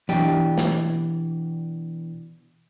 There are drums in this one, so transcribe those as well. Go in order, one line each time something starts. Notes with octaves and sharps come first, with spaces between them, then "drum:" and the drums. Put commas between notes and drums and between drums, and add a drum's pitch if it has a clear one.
B2 E3 D4 G4, drum: tom E3
drum: snare